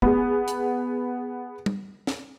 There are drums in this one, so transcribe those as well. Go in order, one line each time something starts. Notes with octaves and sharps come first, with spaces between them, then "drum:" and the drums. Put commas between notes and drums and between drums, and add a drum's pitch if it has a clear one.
B3 G#4, drum: kick
drum: hi-hat
drum: tom
drum: snare